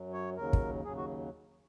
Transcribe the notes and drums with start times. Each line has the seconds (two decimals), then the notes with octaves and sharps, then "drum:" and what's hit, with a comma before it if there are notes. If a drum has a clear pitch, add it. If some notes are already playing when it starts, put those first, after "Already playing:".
Already playing: F#2 F#3
0.13 C#5
0.37 D#2 C#3 F#3 A#4
0.53 drum: kick
0.85 D#2 C#3 F#3 G#4
0.97 F#4